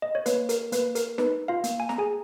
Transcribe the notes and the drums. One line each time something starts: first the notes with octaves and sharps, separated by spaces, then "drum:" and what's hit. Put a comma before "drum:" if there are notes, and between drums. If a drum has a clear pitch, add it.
D#5
C#5
A#3 B4, drum: hi-hat
A#4, drum: hi-hat
A#3 B4, drum: hi-hat
A#4, drum: hi-hat
D#4 B4, drum: snare
F4 F5
A#3, drum: hi-hat
G#5
A#5, drum: snare
G#4 G#5